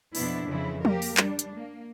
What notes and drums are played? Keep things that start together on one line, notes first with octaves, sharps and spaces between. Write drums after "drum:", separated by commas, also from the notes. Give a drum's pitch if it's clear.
F2 B2 B3 D4 E4, drum: open hi-hat
F2 C#3 E3 E4
A#3 G4 A#4, drum: tom F3
drum: open hi-hat
G3 D4, drum: clap
drum: hi-hat
A#3